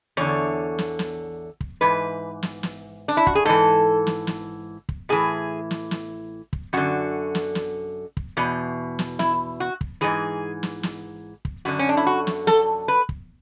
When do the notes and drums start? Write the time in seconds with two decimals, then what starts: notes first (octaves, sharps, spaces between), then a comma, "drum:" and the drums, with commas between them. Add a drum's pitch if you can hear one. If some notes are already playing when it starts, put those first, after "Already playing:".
0.17 E2 D3 C#5
0.79 drum: snare
0.99 drum: snare
1.61 drum: kick
1.81 G#2 E3 B4
2.43 drum: snare
2.63 drum: snare
3.08 D4
3.17 E4
3.27 F#4, drum: kick
3.35 G#4
3.45 G#2 E3 A4
4.07 drum: snare
4.27 drum: snare
4.89 drum: kick
5.09 A2 E3 G#4
5.71 drum: snare
5.91 drum: snare
6.53 drum: kick
6.73 F#2 D3 F#4
7.35 drum: snare
7.55 drum: snare
8.17 drum: kick
8.37 E2 B2
8.99 drum: snare
9.19 E4, drum: snare
9.60 F#4
9.81 drum: kick
10.01 G#2 E3 G#4
10.63 drum: snare
10.83 drum: snare
11.45 drum: kick
11.65 F#2 D3 F#4
11.79 C#4
11.89 D4
11.97 E4
12.07 F#4
12.27 drum: snare
12.47 A4, drum: snare
12.88 B4
13.09 drum: kick